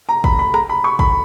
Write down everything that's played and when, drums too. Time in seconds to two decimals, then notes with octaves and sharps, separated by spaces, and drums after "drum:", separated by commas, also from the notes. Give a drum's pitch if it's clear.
0.09 A#5
0.24 B5, drum: kick
0.39 B5
0.54 A#5, drum: rim click
0.69 B5
0.84 C#6
0.99 B5, drum: kick